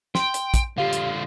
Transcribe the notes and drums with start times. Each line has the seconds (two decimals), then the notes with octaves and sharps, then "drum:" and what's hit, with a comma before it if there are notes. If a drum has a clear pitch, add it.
0.15 G5 C6, drum: snare
0.34 drum: hi-hat
0.54 drum: kick, hi-hat
0.78 D3 F4 G4 F5
0.93 drum: hi-hat